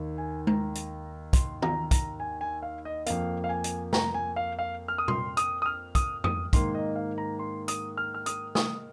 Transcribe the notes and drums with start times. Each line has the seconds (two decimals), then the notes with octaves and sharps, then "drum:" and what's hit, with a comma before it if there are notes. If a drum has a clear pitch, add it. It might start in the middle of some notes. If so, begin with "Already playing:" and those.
Already playing: D#2 D#3 A#3
0.18 G#5
0.47 A#5, drum: tom G#3
0.75 drum: hi-hat
1.33 C6, drum: kick, hi-hat
1.62 A#5, drum: tom
1.91 A#5, drum: kick, hi-hat
2.20 G#5
2.41 G#5
2.62 F5
2.85 D#5
3.06 F2 F3 A#3 F5, drum: hi-hat
3.44 F5
3.49 G#5
3.64 drum: hi-hat
3.93 A#5, drum: snare
4.14 G#5
4.36 F5
4.59 F5
4.88 F6
4.98 D#6
5.08 C6, drum: tom A#2
5.37 D#6, drum: hi-hat
5.62 D#6
5.66 F6
5.95 D#6, drum: kick, hi-hat
6.24 D#6, drum: tom F2
6.53 G#2 D#3 A#3 C6, drum: kick, hi-hat
6.75 D#5
6.96 F5
7.18 A#5
7.39 C6
7.68 D#6, drum: hi-hat
7.97 F6
8.14 F6
8.26 D#6, drum: hi-hat
8.55 D#6, drum: snare